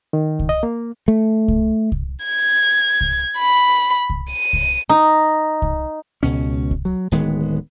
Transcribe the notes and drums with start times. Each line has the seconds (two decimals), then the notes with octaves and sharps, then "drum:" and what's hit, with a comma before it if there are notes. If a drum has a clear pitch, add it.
0.13 D#3
0.39 drum: kick C2
0.49 D#5
0.63 A#3
1.08 A3
1.48 drum: kick C2
1.92 drum: kick C2
2.26 G#6
3.01 drum: kick C2
3.39 B5
4.10 drum: kick C2
4.31 D#7
4.53 drum: kick C2
4.89 D#4
5.62 drum: kick C2
6.23 C#2 B2 C#4
6.71 drum: kick C2
6.85 F#3
7.11 D1 D#3 G#3 B3